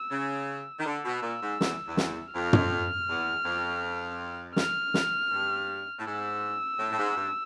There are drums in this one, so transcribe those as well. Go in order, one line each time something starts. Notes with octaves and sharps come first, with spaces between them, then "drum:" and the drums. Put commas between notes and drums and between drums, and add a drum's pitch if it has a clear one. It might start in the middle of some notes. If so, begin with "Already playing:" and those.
Already playing: E6
C#3
D#3
D3 E6
B2
A#2
G#2
E2, drum: snare
E2
drum: snare
F2 F6
drum: tom
E2
F2
F6, drum: snare
drum: snare
G2
A2
G#2 E6
A2
A2
G#2
G2